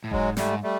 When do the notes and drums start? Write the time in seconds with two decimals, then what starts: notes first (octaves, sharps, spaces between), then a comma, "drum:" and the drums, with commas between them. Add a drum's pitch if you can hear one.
0.04 A2
0.11 G#2 F#3 G#3, drum: kick E1
0.37 G#2 G3 A3, drum: snare
0.63 G3 A3